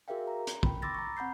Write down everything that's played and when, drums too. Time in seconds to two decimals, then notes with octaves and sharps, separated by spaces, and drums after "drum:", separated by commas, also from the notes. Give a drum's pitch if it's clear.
0.08 F#4 G#4 A#4 E5 F5 G5
0.27 A#5
0.47 drum: hi-hat
0.63 G5 B5, drum: kick
0.82 B5 C6 D6 E6 A6 A#6
0.95 A#5 C#6
1.17 C4 F#5 B5 G6 C7